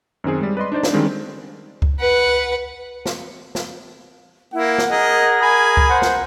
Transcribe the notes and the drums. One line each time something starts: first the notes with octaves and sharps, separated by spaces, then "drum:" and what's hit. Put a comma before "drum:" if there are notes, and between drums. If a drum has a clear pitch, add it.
F#2 D#3 C4 G#4
G3 G#3
B4 D5 D#5 C6
D4 D#4 C5 D5
drum: snare
D3 D#3 G3 G#3 C4 C#4
drum: kick C#2
B4 F#5
drum: snare
drum: snare
A#3 E4 F#5
drum: snare
G#4 A#4 D#5
G#4 G#5 B5
drum: kick C#2
C5 F#5
drum: snare